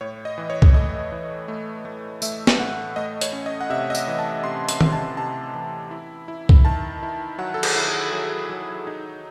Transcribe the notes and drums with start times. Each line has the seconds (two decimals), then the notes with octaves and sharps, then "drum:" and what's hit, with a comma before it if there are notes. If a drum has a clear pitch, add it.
0.01 A2 C#5
0.25 D#5
0.38 E3
0.50 C#5
0.62 drum: kick C2
0.74 A3 D#5
1.12 E3
1.48 A3
1.85 A3
2.22 A3 E5, drum: tambourine
2.47 drum: snare
2.59 A2 F#5
2.96 A3 D#5
3.21 C#5, drum: hi-hat
3.33 C#4
3.46 D#5
3.61 F#5
3.70 C3 E5
3.90 D#5
3.95 E5, drum: tambourine
4.08 E3
4.19 A5
4.44 C3 C6
4.69 C6, drum: hi-hat
4.81 C3, drum: tom D#3
4.92 A5
5.17 C3 A5
5.54 E3
5.91 E4
6.28 E4
6.49 drum: kick C2
6.65 D#3 A5
7.03 E4
7.38 F#3 F#5
7.54 A4
7.63 G#4, drum: cymbal
7.76 E4
7.88 G#4
8.13 F#3 G#4
8.50 F#3
8.87 D#4